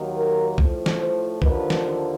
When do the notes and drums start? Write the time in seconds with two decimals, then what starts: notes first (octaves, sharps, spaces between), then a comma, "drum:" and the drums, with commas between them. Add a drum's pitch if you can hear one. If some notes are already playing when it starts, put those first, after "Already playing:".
Already playing: D#2 D#3 F#3
0.16 A#4
0.58 A2 F3, drum: kick B1
0.86 drum: snare
1.00 C5
1.42 D#2 D3 F3 B4, drum: kick B1
1.70 drum: snare